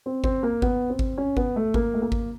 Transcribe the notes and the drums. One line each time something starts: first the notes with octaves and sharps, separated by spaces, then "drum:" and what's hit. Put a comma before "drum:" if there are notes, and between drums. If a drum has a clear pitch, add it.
C4
C4, drum: kick G#1
A#3
B3, drum: kick G#1
C4
drum: kick G#1
C#4
B3, drum: kick G#1
A3
A#3, drum: kick G#1
A3
A#3
drum: kick G#1